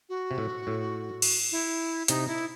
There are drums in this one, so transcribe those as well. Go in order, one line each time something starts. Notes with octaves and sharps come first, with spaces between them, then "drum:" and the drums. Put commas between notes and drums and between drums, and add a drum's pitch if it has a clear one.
F#4
C3
A2
A2
drum: cymbal
E4
C3 D#4, drum: hi-hat
E4